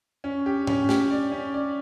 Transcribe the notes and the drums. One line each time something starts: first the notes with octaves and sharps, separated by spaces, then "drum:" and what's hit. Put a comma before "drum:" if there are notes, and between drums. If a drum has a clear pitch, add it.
C#4
G4
C#4, drum: tom G#2
G4, drum: snare
D5
C#4
D5